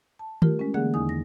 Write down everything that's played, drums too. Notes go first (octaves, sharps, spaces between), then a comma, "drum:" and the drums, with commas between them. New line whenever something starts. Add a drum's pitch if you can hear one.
A5
G3 A3 F4 G4 A#4, drum: tom D#3
G#3 C#4
D3 E3 A#3 G#4 F#5 F#6
E2 D#3 D#4 G#5 D#6
A#6